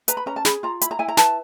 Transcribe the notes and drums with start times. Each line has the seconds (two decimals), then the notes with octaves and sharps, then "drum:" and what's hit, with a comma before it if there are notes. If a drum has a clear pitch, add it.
0.08 B4 A#5, drum: hi-hat
0.17 B5
0.26 C#4 A#5
0.36 A5
0.45 G#4 B5, drum: snare
0.63 F4 A#5
0.81 E4 B5, drum: hi-hat
0.91 A#5
0.99 E4 G#5
1.08 A#5
1.17 B4 A5, drum: snare